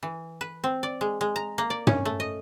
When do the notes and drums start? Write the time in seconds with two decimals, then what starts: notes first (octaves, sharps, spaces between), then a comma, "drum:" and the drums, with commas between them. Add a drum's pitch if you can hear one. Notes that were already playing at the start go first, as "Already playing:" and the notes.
0.03 E3
0.41 B4
0.64 C4
0.83 D5
1.01 G#3
1.21 G#3
1.36 A#5
1.58 A#3
1.70 D5
1.87 C#4, drum: tom
2.05 A3
2.20 D#5